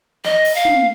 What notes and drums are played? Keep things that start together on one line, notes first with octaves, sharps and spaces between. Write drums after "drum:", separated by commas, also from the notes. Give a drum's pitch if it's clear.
D#5, drum: snare
drum: open hi-hat
F5
drum: tom